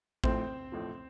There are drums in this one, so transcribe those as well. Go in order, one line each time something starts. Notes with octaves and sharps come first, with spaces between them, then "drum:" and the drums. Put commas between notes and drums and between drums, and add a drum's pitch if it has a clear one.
A1 A2 F3 C4 C5, drum: kick A1
A1 A2 F3